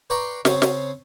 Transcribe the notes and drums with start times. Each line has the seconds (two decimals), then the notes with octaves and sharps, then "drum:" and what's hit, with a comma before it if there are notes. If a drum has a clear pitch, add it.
0.10 B4 D5 G5 A#5 C6 C#6
0.45 C#3 C4 C#4, drum: snare
0.62 drum: snare